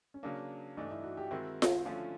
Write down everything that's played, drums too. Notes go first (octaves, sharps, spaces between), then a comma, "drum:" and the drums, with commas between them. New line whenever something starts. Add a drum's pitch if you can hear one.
C#4
C#3 F#3 A#3 D4
G2 E3 A3 D4 D#4
E4
F#4
G4
D#3 G#3 C4 E4 F#4
drum: snare F4
D3 F3 A3 C#4 F4